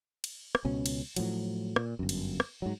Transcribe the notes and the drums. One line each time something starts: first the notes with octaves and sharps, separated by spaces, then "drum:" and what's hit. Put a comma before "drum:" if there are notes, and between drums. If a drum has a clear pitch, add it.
drum: cymbal
drum: rim click
C#2 B2 C#4
drum: cymbal
A2 F3 F#3, drum: cymbal
A#2, drum: rim click
G1 F#2
drum: cymbal
drum: rim click
G#2 F#3